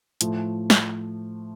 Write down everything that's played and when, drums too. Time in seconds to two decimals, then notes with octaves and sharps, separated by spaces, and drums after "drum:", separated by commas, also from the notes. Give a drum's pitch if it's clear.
0.21 A2 F3 A3, drum: hi-hat
0.70 drum: snare